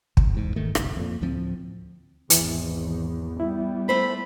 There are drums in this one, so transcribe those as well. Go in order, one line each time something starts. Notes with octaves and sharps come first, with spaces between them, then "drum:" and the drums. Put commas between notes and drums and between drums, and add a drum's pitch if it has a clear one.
G1, drum: kick
E2 G#2
G#2 D#3 A3
D1 G1 C2, drum: rim click
F2 A#2
D2 A2 F3 C4
G#1 E2 E3, drum: hi-hat
G3 B3 E4
A3 C5 B5